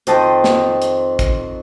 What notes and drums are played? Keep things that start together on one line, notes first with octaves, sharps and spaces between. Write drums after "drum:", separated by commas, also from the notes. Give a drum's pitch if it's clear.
F2 D#3 C5 D#5 G5 A5, drum: hi-hat
drum: snare
drum: hi-hat
drum: kick A1, hi-hat